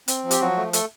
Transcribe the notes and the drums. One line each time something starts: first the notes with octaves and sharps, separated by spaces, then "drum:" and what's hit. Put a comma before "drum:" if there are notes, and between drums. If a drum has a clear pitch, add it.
C4, drum: hi-hat
F3
G4, drum: hi-hat
F3 F#3 F#4
A3
A3 A4, drum: hi-hat